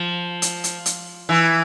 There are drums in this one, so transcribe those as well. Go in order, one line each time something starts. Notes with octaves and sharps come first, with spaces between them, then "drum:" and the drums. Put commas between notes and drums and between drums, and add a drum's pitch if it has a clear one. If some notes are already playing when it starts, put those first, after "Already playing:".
Already playing: F3
drum: hi-hat
drum: hi-hat
drum: hi-hat
E3